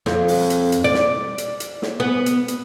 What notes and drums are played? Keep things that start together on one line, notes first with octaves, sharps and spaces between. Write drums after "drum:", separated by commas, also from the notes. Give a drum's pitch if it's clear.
F2, drum: snare
drum: open hi-hat
drum: hi-hat
drum: hi-hat
D5
drum: snare
drum: hi-hat
drum: hi-hat
drum: snare
B3
drum: hi-hat
drum: hi-hat